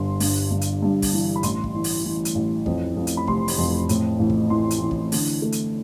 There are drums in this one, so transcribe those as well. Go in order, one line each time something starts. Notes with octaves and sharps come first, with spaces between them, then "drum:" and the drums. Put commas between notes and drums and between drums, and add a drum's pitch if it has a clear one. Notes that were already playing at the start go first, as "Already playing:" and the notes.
Already playing: G1 C6
G2, drum: open hi-hat
G1
drum: hi-hat
G2
drum: kick, open hi-hat
E3
B5
A1 C6, drum: hi-hat
drum: kick
E3
drum: open hi-hat
E3
drum: hi-hat
A1
F2, drum: kick
F2
drum: hi-hat
B5
F1 C6, drum: kick
drum: open hi-hat
F2
A2, drum: hi-hat
A1
drum: kick
E3 C6
drum: hi-hat
E3
drum: kick
D3, drum: open hi-hat
A3
drum: hi-hat